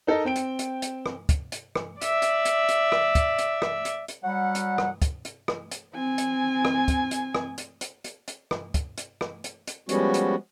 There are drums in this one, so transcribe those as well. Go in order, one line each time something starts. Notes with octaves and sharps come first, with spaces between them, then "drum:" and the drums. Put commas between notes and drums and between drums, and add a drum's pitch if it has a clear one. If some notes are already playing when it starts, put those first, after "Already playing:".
D#4 A4 A#4 D#5
C4 G5 D7
drum: hi-hat
drum: hi-hat
drum: hi-hat
drum: rim click
drum: kick, hi-hat
drum: hi-hat
drum: rim click
D5 E5, drum: hi-hat
drum: hi-hat
drum: hi-hat
drum: hi-hat
drum: rim click
drum: kick, hi-hat
drum: hi-hat
drum: rim click
drum: hi-hat
drum: hi-hat
F#3 G3 F#5
drum: hi-hat
drum: rim click
drum: kick, hi-hat
drum: hi-hat
drum: rim click
drum: hi-hat
C4 G#5
drum: hi-hat
drum: rim click
drum: kick, hi-hat
drum: hi-hat
drum: rim click
drum: hi-hat
drum: hi-hat
drum: hi-hat
drum: hi-hat
drum: rim click
drum: kick, hi-hat
drum: hi-hat
drum: rim click
drum: hi-hat
drum: hi-hat
F3 G3 G#3 B3 C#4 F#4, drum: hi-hat
drum: hi-hat